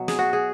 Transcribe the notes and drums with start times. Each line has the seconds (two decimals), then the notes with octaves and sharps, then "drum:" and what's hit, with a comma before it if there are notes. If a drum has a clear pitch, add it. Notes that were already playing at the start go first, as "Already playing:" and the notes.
Already playing: B2 F#3
0.08 G#4, drum: snare
0.19 F#4
0.33 G#4